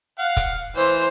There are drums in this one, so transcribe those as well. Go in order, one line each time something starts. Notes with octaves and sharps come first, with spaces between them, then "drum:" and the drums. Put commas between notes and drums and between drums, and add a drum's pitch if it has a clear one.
F5 F#5
drum: kick, hi-hat
E3 C5